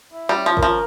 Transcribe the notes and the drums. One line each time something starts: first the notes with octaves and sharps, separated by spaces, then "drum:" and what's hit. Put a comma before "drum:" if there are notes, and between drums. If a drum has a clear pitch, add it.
E4
G3
C#4
F3
A#4, drum: kick G#1
F3